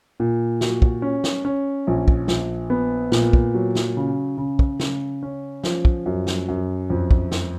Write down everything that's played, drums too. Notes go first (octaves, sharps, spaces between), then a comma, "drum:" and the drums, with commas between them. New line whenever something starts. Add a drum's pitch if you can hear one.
A#2
F#4, drum: snare
drum: kick
C#4
drum: snare
C#4
A#1
drum: kick
A#1, drum: snare
B3
A#2, drum: snare
drum: kick
F#3
drum: snare
C#3
C#3
drum: kick
C#3, drum: snare
C#4
F3, drum: snare
drum: kick
F#2
drum: snare
F#2
F2
drum: kick
drum: snare